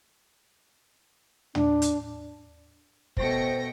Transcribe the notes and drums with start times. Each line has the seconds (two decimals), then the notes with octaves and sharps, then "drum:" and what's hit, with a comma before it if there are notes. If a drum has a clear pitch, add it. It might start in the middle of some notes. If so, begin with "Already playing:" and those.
1.55 D4, drum: tom
1.82 drum: hi-hat
3.17 B2 A3 C5 G5 A#6 C#7, drum: kick